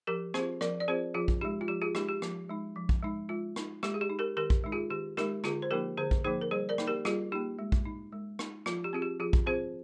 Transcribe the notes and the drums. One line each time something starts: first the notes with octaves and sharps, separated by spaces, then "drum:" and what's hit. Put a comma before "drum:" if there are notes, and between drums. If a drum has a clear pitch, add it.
F3 G4 A#4
C4 F4 G#4 C5, drum: rim click
F3 A#4 D5, drum: rim click
D5
C4 F4 G#4 C5
F3 F4 G#4
drum: kick A#1
G#3 D#4 G4
F4
F3 G4
F4 G#4
G#3 D#4 G4, drum: rim click
G4
F3, drum: rim click
G#3 D#4
F3
drum: kick A#1
G#3 D#4
G#3 F4
D#4, drum: rim click
G#3 G4, drum: rim click
G#4
G4
D#4
G4 A#4
D#3 G4 A#4
drum: kick A#1
G#3 D#4
F4 G#4
D#3 G4
G#3 D#4 G4 A#4, drum: rim click
D3 F4 G#4, drum: rim click
C5
F3 A#3 D#4 G4 A#4
D3 G#4 C5
drum: kick A#1
F3 A#3 D#4 G#4 C5
A#4
G3 G#4 C5
A#4 D5
A#3 D#4, drum: rim click
G4 A#4
G3 F4 G#4, drum: rim click
A#3 D#4 G4
G#3
drum: kick A#1
D#4
G#3
D#4, drum: rim click
F3 F4, drum: rim click
G4
C4 F4 G#4
G4
F3 F4 G#4
drum: kick A#1
C4 F4 G#4 C5